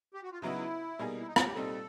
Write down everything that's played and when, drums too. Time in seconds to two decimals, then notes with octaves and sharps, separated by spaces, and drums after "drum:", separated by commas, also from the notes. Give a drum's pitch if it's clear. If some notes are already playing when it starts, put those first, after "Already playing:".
0.14 G4
0.23 F#4
0.32 F4
0.42 C#3 F#3 B3 D#4 E4 F#4
0.99 B2 G3 A#3 D#4 G#4
1.19 E4
1.27 D#4
1.36 F4, drum: rim click
1.46 G4
1.55 A#2 G3 C4 D#4 A4